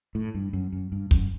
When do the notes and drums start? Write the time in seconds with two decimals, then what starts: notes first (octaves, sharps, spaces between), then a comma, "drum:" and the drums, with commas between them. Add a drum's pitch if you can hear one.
0.15 A2
0.34 G2
0.53 F#2
0.72 F#2
0.92 G2
1.11 F#2, drum: kick